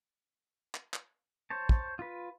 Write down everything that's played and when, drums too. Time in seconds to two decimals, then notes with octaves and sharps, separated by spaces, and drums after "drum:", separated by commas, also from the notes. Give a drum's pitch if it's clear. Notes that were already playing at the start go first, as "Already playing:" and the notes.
0.75 drum: clap
0.94 drum: clap
1.50 C5 C#5 A5
1.69 drum: kick
1.99 F4 B4